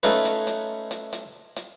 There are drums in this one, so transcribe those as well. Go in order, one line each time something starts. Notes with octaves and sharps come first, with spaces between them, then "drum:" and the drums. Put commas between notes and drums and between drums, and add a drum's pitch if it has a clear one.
A3 C#4 D#4 F4 B4, drum: hi-hat
drum: hi-hat
drum: hi-hat
drum: hi-hat
drum: hi-hat
drum: hi-hat